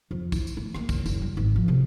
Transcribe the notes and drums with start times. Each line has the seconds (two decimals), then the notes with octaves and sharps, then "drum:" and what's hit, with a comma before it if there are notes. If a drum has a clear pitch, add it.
0.11 F2
0.32 E4, drum: kick, tambourine
0.47 drum: tambourine
0.57 A3
0.75 A#3, drum: rim click
0.89 F#1, drum: kick, tambourine
1.06 F#1, drum: tambourine
1.22 G3
1.37 G#1
1.56 F3
1.68 C3